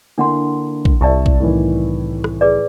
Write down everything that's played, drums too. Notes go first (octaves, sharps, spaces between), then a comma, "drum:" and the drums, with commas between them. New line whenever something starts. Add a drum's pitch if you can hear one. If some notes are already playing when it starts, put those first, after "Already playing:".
D3 A#3 D4 E4 F#5 C6
drum: kick A#1
C2 E4 D5 E5 A5 C#6
drum: kick A#1
A2 D#3 E3
drum: rim click
G#4 B4 D5